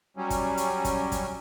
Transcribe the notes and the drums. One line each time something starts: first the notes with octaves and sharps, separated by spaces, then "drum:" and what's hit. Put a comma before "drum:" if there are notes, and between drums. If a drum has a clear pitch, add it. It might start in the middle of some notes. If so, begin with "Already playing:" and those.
F#3 G3 C#4
drum: kick, hi-hat
drum: hi-hat
drum: kick, hi-hat
drum: kick, hi-hat